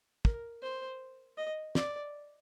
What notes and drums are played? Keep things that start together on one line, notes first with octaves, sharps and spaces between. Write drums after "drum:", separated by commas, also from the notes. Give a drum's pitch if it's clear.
A#4, drum: kick
C5
D#5
D5, drum: snare